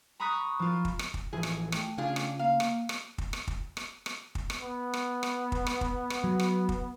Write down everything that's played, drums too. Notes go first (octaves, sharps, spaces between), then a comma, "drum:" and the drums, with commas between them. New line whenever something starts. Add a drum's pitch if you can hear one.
A#5 B5 C#6 D#6 F#6 B6
F3 F4
drum: kick
drum: rim click
drum: kick
A1 E3 F3 G#4
drum: rim click
A3 G5, drum: rim click
C#3 D4 F4 G#4
drum: rim click
A#3 F5
drum: rim click
drum: rim click
drum: kick
drum: rim click
drum: kick
drum: rim click
drum: rim click
drum: kick
drum: rim click
B3
drum: rim click
drum: rim click
drum: kick
drum: rim click
drum: kick
drum: rim click
F#3
drum: rim click
drum: kick